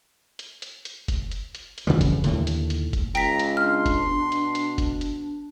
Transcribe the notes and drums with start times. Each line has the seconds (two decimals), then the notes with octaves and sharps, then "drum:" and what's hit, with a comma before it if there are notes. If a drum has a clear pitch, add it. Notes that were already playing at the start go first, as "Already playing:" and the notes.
0.39 drum: hi-hat
0.62 drum: hi-hat
0.85 drum: hi-hat
1.08 drum: kick F1, hi-hat
1.32 drum: hi-hat
1.55 drum: hi-hat
1.78 drum: hi-hat
1.87 F2 C#3 E3 G3
2.01 drum: kick F1, hi-hat
2.24 D#2 A2 D3, drum: hi-hat
2.47 drum: hi-hat
2.70 drum: hi-hat
2.93 drum: kick F1, hi-hat
3.15 C#2 G5 A#5 B6, drum: hi-hat
3.39 drum: hi-hat
3.57 D4 C6 F6
3.86 drum: kick F1, hi-hat
4.04 B2
4.32 drum: hi-hat
4.55 drum: hi-hat
4.78 drum: kick F1, hi-hat
5.01 drum: hi-hat